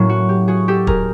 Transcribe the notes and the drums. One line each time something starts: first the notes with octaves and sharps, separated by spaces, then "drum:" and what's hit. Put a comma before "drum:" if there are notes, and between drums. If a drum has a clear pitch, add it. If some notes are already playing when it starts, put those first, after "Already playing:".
Already playing: A2 F#3 A#3 C#4
F#4
G4
F#4 G#4
G4 A4
G#4 A#4, drum: kick